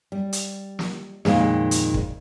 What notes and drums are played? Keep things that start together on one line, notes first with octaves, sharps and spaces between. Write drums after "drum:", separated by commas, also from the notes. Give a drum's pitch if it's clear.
G3
drum: hi-hat
drum: snare
F2 A#2 D#3 G#3, drum: snare
drum: hi-hat
drum: kick